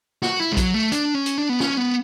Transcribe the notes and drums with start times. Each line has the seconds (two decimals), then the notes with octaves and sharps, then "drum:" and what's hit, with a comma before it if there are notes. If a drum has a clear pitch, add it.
0.23 F#4, drum: snare
0.40 E4
0.52 G#3
0.57 F#3, drum: kick A#1, hi-hat
0.74 A3
0.92 D4, drum: hi-hat
1.14 C#4
1.26 drum: hi-hat
1.38 D4
1.49 B3
1.60 C#4, drum: snare
1.77 B3